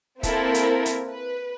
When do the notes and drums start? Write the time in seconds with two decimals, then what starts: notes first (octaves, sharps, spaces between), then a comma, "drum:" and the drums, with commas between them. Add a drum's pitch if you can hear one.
0.23 A#3 C4 E4 A4 A#4 C5, drum: kick, hi-hat
0.54 drum: hi-hat
0.85 drum: hi-hat
1.09 B4